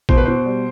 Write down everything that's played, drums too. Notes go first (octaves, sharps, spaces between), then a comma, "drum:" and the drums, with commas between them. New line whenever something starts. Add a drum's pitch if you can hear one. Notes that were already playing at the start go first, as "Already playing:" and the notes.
B2 C5, drum: kick
B4
B2 C5
G3